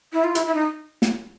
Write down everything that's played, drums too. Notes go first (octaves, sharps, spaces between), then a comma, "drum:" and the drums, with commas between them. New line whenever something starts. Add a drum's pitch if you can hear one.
E4
F4
E4, drum: hi-hat
E4
D#4
drum: snare